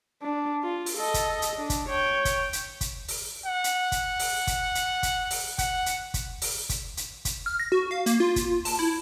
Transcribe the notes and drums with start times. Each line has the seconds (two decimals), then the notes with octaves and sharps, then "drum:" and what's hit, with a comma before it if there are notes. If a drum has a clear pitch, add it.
0.22 D4
0.63 F4
0.86 drum: open hi-hat
0.98 A4 D#5
1.14 drum: kick, hi-hat
1.42 drum: hi-hat
1.56 D4
1.70 drum: kick, hi-hat
1.89 C#5 G5
2.25 drum: kick, hi-hat
2.53 drum: hi-hat
2.81 drum: kick, hi-hat
3.08 drum: open hi-hat
3.45 F#5
3.64 drum: hi-hat
3.92 drum: kick, hi-hat
4.20 drum: open hi-hat
4.47 drum: kick, hi-hat
4.75 drum: hi-hat
5.03 drum: kick, hi-hat
5.31 drum: open hi-hat
5.58 F#5, drum: kick, hi-hat
5.86 drum: hi-hat
6.14 drum: kick, hi-hat
6.42 drum: open hi-hat
6.69 drum: kick, hi-hat
6.97 drum: hi-hat
7.25 drum: kick, hi-hat
7.46 F6
7.60 A#6
7.72 F#4
7.91 F5
8.06 A#3, drum: hi-hat
8.20 F4
8.36 drum: kick, hi-hat
8.65 A5, drum: open hi-hat
8.79 E4